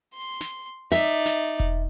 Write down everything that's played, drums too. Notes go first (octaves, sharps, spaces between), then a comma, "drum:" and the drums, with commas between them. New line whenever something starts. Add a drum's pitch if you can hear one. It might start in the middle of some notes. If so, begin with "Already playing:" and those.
C6
drum: snare
D#4 D5 E5, drum: snare
drum: snare
drum: kick E1